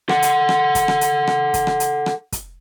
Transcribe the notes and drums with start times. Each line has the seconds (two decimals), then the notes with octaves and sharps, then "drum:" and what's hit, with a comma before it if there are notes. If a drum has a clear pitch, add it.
0.09 A4 F#5, drum: rim click
0.22 drum: hi-hat
0.49 drum: rim click
0.75 drum: kick, hi-hat
0.88 drum: rim click
1.01 drum: hi-hat
1.27 drum: rim click
1.54 drum: kick, hi-hat
1.67 drum: rim click
1.80 drum: hi-hat
2.06 drum: rim click
2.32 drum: kick, hi-hat